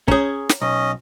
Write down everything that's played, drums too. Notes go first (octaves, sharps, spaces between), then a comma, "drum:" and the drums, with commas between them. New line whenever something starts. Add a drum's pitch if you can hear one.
C#4 G#4 C#5 A#5, drum: kick
drum: snare
B1 C#4 D#5